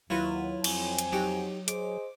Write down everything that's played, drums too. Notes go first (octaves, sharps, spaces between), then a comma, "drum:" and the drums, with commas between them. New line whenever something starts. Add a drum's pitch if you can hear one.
D#2 F#3 E4 F4 B4
F2 C4 G#5, drum: cymbal
drum: hi-hat
F#3 D#4 G4 G5
G#4 C5 D#5 D6, drum: hi-hat